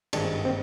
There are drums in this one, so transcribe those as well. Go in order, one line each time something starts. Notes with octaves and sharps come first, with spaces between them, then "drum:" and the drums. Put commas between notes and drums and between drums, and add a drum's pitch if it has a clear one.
G#1 G2 D#3 G#3 D4, drum: cymbal
C4